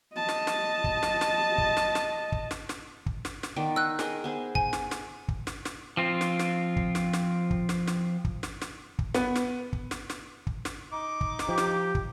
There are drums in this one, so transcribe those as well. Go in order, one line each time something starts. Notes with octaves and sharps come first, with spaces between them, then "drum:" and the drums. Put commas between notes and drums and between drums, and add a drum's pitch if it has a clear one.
D#5 A5
drum: snare
drum: snare
drum: kick
drum: snare
drum: snare
drum: kick
drum: snare
drum: snare
drum: kick
drum: snare
drum: snare
drum: kick
drum: snare
drum: snare
D#3 B3 D5
D#4 E6 F#6
G#4 A#4 D#5, drum: snare
B3 G#4 C5
G#5, drum: kick
drum: snare
drum: snare
drum: kick
drum: snare
drum: snare
F3 C4 F4
drum: snare
drum: snare
drum: kick
drum: snare
drum: snare
drum: kick
drum: snare
drum: snare
drum: kick
drum: snare
drum: snare
drum: kick
B3, drum: snare
drum: snare
drum: kick
drum: snare
drum: snare
drum: kick
drum: snare
D#4 D6
drum: kick
drum: snare
F3 G4
drum: snare
drum: kick